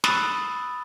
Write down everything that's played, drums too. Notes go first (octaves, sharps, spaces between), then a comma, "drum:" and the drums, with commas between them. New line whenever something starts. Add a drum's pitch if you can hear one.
B5 D#6 E6 F#6 A6, drum: snare